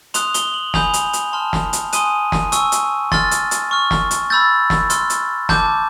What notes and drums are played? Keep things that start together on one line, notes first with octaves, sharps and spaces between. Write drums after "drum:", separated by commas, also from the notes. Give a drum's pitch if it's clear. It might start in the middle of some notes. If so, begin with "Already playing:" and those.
C6 D#6 F#6 F7, drum: hi-hat
G7, drum: hi-hat
F#7
G#5 B5 D#6 G6 F7, drum: snare
drum: hi-hat
drum: hi-hat
A5 C6 F6
drum: snare
drum: hi-hat
G#5 C6 D#6 F#6 D#7, drum: hi-hat
drum: snare
G#5 C#6 E6, drum: hi-hat
drum: hi-hat
C6 F6 A6, drum: snare
drum: hi-hat
drum: hi-hat
C#6 F6
drum: snare
drum: hi-hat
B5 E6 G6 A6
drum: snare
C6 F6, drum: hi-hat
drum: hi-hat
A5 D6 F#6 G6, drum: snare